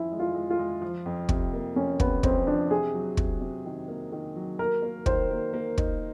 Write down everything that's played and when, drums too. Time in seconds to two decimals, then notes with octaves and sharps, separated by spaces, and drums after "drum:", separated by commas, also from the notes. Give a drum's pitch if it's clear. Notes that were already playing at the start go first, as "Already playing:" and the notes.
Already playing: F3 C#4 E4
0.12 G#3
0.19 F4
0.35 G#3
0.50 F4
0.59 G#3
0.82 F3
1.06 F2
1.29 C3, drum: kick
1.53 A#3
1.76 F2 C#4
2.00 C3 B3, drum: kick
2.23 F2 C4, drum: kick
2.47 F3 D4
2.71 C3 G#4
2.94 F#3
3.17 C3, drum: kick
3.41 C3
3.65 D#3
3.88 A#3
4.12 D#3
4.36 F#3
4.59 A#3 A#4
4.82 A#3
5.06 D#3 C5, drum: kick
5.31 A#3
5.53 A#3
5.78 D#4, drum: kick